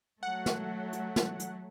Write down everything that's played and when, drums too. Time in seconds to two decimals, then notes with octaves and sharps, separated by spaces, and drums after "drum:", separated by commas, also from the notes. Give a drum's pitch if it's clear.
0.23 F#3 A3 F#5
0.46 drum: snare
0.93 drum: hi-hat
1.16 drum: snare
1.40 drum: hi-hat